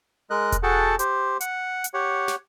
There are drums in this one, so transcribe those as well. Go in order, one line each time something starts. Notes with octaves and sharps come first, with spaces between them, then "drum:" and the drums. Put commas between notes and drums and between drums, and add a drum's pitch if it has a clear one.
G#3 A#4 D#5 F#6
drum: kick E1, hi-hat
F#4 G#4 A4 F#5 G5 A5
G4 C5, drum: hi-hat
F#5, drum: hi-hat
drum: hi-hat
G4 C#5 F#5
drum: snare